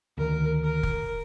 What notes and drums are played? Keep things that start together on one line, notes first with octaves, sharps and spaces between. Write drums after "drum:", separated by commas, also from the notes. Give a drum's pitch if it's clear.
D2 D#3 A#4
A#4
drum: kick